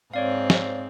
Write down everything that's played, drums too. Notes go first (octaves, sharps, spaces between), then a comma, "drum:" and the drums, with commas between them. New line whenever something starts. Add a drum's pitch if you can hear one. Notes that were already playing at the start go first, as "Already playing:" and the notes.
G#2 C4 C#5 D5 F5
drum: snare